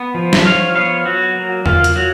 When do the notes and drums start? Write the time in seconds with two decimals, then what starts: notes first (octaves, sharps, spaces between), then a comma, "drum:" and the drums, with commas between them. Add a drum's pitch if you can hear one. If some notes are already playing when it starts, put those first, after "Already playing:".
Already playing: B3
0.14 F3
0.33 drum: snare
0.45 F3 C#5 F5
0.75 B3 C#5 F5
1.05 F#3 F#4
1.35 A#3
1.66 A#3 F4, drum: tom E2
1.84 drum: hi-hat
1.96 F#3 F#4